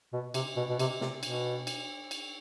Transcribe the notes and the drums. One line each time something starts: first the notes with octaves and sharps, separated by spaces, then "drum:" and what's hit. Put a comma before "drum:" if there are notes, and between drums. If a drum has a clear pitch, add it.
B2
C3, drum: cymbal
B2
B2
C3, drum: cymbal
C3, drum: snare
B2, drum: cymbal
drum: cymbal
drum: cymbal